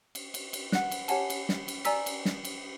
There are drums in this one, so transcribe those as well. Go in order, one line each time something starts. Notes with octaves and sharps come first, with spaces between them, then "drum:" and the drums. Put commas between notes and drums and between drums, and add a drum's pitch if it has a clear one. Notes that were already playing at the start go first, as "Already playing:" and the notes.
drum: cymbal
drum: cymbal
drum: cymbal
F#5 F#6, drum: snare
drum: cymbal
G4 C#5 F#5 G#5 A5, drum: cymbal
drum: cymbal
drum: snare
drum: cymbal
D5 G#5 A#5 E6 B6, drum: cymbal
drum: cymbal
drum: snare
drum: cymbal